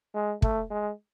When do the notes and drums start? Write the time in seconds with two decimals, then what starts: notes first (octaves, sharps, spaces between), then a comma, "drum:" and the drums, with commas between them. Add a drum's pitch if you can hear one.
0.14 G#3
0.42 A3, drum: kick
0.71 G#3